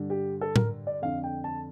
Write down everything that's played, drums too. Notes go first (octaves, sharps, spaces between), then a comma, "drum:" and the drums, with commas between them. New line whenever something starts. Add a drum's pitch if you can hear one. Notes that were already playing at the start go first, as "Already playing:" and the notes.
Already playing: G2 D3
G4
A4
A#4, drum: tom A2
D5
F2 D3 F5
G5
A5